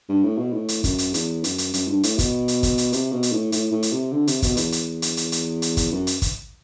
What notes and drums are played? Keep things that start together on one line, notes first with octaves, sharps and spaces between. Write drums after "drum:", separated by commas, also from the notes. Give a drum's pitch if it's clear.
G2
A2
B2
A2
drum: hi-hat
F#2, drum: kick, hi-hat
drum: hi-hat
E2, drum: hi-hat
F#2, drum: hi-hat
drum: hi-hat
F#2, drum: hi-hat
G2
A2, drum: hi-hat
B2, drum: kick, hi-hat
drum: hi-hat
drum: kick, hi-hat
drum: hi-hat
C3, drum: hi-hat
B2
drum: hi-hat
A2
A2, drum: hi-hat
A2
drum: hi-hat
C3
D3
C3, drum: hi-hat
B2, drum: kick, hi-hat
E2, drum: hi-hat
drum: hi-hat
drum: hi-hat
drum: hi-hat
drum: hi-hat
drum: hi-hat
drum: kick, hi-hat
F#2
drum: hi-hat
drum: kick, hi-hat